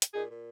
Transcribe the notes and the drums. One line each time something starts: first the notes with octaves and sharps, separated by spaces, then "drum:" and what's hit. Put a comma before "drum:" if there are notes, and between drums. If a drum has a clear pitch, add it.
drum: hi-hat
A#2 D#4 G#4
A#2